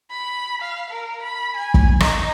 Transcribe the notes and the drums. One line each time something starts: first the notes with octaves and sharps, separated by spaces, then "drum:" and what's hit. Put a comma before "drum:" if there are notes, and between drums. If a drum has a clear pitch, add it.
B5
F5
A#4
B5
G#5
drum: kick
D#4, drum: rim click